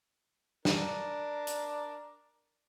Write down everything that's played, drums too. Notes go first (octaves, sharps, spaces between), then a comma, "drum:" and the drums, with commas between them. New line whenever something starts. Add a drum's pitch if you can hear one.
D4 A#4, drum: snare
drum: hi-hat